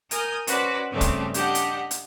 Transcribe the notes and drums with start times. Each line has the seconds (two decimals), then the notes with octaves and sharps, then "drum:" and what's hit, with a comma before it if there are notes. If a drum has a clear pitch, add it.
0.11 A#4 G#5 D#6 F6 G6, drum: hi-hat
0.47 C#4 F#4 B4 C5 D5, drum: hi-hat
0.91 G2 C#3 G3 A3 C4 D4
1.01 drum: kick, hi-hat
1.34 D4 G4 D#5 F#5, drum: hi-hat
1.55 drum: hi-hat
1.91 drum: hi-hat